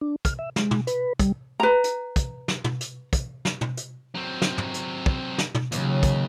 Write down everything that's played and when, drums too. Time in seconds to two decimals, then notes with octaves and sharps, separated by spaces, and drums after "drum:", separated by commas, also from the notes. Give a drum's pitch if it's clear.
0.01 D4
0.25 F6, drum: kick, hi-hat
0.39 E5
0.56 G#3, drum: snare
0.71 drum: tom
0.87 B4, drum: hi-hat
1.19 G3, drum: kick, hi-hat
1.60 B4 A#5
1.84 drum: hi-hat
2.16 drum: kick, hi-hat
2.48 drum: snare
2.64 drum: tom
2.80 drum: hi-hat
3.13 drum: kick, hi-hat
3.45 drum: snare
3.61 drum: tom
3.77 drum: hi-hat
4.15 F#3 C4
4.42 drum: snare
4.58 drum: tom
4.74 drum: hi-hat
5.06 drum: kick
5.38 drum: snare
5.54 drum: tom
5.72 D#2 C#3 F#3, drum: hi-hat
6.03 drum: kick, hi-hat